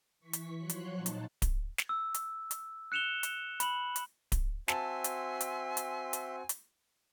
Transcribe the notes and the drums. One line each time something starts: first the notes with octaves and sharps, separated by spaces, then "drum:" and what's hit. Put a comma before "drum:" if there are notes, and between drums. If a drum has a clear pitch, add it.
E3 C#6 B6
drum: hi-hat
F3 F#3 C#5 C6 F#6
drum: hi-hat
A#2 D#4 A5
drum: hi-hat
drum: kick D1, hi-hat
drum: snare
E6
drum: hi-hat
drum: hi-hat
F#6 C#7 E7 F7 G7
drum: hi-hat
B5 F#7, drum: hi-hat
drum: hi-hat
drum: kick D1, hi-hat
C4 F#4 E5 G#5 A5 C6, drum: snare
drum: hi-hat
drum: hi-hat
drum: hi-hat
drum: hi-hat
drum: hi-hat